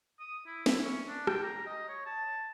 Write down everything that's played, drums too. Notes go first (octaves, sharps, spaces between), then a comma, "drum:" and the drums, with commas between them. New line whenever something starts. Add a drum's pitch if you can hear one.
D#6
E4
E5, drum: snare
C#4
D4
G5, drum: rim click
A#5
D#5
C#5
A5